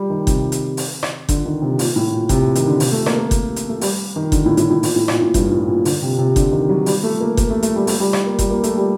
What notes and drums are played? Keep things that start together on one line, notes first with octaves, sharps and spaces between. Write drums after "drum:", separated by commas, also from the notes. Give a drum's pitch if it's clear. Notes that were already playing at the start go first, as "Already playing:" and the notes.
Already playing: G3
D#3
C3, drum: kick G1, hi-hat
drum: hi-hat
drum: open hi-hat
drum: rim click
D3, drum: kick G1, hi-hat
D#3
C3
A#2, drum: open hi-hat
A2
A#2
C3, drum: kick G1, hi-hat
D#3, drum: hi-hat
D3
C3, drum: open hi-hat
A3
A#3, drum: rim click
A#3
drum: kick G1, hi-hat
drum: hi-hat
A3
G3, drum: open hi-hat
D#3
D3, drum: kick G1, hi-hat
A2
A2, drum: hi-hat
A2
A#2, drum: open hi-hat
A2
A#2, drum: rim click
A2
G2, drum: kick G1, hi-hat
A2
A#2
D3, drum: open hi-hat
C3
C3
D3, drum: kick G1, hi-hat
D#3
F#3
G3, drum: open hi-hat
A3
A#3
A#3, drum: kick G1, hi-hat
A3
A3, drum: hi-hat
G3
A3, drum: open hi-hat
G3
drum: rim click
A#3
G3, drum: kick G1, hi-hat
A#3
A3, drum: hi-hat
G3